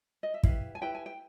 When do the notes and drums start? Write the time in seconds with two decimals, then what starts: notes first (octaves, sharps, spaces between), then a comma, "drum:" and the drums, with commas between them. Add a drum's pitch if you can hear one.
0.23 D#5
0.34 E5
0.43 E4 G4 B4 F5, drum: kick
0.75 G#5
0.81 E4 G4 B4 G5
0.95 G#5
1.06 G5